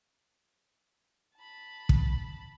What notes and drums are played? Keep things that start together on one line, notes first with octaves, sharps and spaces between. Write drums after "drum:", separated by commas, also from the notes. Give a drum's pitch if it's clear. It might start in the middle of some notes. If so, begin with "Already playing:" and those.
A5 B5
drum: kick